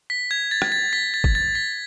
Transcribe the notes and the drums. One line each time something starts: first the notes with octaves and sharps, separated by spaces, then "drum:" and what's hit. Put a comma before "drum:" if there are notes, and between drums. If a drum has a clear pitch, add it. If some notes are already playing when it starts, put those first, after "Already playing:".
B6
G#6
A6
drum: rim click
A6
B6
A6
drum: kick
A6
B6